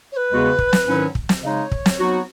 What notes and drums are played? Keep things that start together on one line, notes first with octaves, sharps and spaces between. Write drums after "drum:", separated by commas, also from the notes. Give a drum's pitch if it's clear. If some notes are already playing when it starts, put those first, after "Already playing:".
C#5
B4
E2 C#3 G#3 B3 F#4
drum: kick
drum: snare
G#2 D#3 F#3 C#4 E4
drum: kick
drum: snare
C#3 G#3 D#4 C#5 D#5
drum: kick
drum: snare
F#3 B3 D#4 F#4